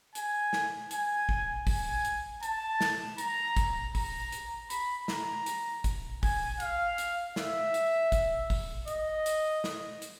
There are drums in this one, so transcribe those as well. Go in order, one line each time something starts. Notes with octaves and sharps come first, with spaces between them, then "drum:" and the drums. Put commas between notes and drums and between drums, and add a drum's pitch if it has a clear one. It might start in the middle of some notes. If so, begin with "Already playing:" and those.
G#5, drum: hi-hat
drum: snare
G#5, drum: hi-hat
drum: kick
G#5, drum: kick, open hi-hat
drum: hi-hat
A5, drum: hi-hat
drum: snare
A#5, drum: hi-hat
drum: kick, hi-hat
A#5, drum: kick, open hi-hat
drum: hi-hat
B5, drum: hi-hat
A#5, drum: snare
drum: hi-hat
drum: kick, hi-hat
G#5, drum: kick, open hi-hat
F5, drum: hi-hat
drum: hi-hat
E5, drum: snare
drum: hi-hat
drum: kick, hi-hat
drum: kick, open hi-hat
D#5, drum: hi-hat
drum: hi-hat
drum: snare
drum: hi-hat